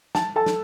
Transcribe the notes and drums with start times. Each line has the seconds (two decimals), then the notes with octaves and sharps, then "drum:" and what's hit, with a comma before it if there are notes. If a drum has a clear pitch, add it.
0.15 A5, drum: snare
0.36 A4 A5
0.46 drum: snare